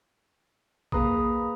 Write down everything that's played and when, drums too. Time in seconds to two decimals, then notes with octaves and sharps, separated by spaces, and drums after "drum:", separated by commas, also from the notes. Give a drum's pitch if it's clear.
0.92 A#3 G#4 B4 A#5 B5 D#6, drum: kick A#1